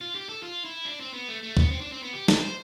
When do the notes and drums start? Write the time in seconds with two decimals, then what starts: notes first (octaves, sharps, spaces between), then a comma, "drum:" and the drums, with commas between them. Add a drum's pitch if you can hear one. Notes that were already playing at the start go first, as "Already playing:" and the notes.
0.01 F4
0.15 G4
0.29 A4
0.43 F4
0.65 E4
0.85 D4
1.00 C4
1.13 B3
1.29 A3
1.43 A3
1.57 B3, drum: kick
1.71 C4
1.81 D4
1.92 C4
2.03 B3
2.13 G4
2.28 B4, drum: snare
2.42 C5